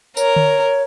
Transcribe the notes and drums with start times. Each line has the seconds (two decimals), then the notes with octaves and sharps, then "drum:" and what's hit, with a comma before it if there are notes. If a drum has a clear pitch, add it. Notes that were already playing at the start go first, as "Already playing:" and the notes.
0.17 A#4 C#5, drum: tambourine
0.36 drum: tom D3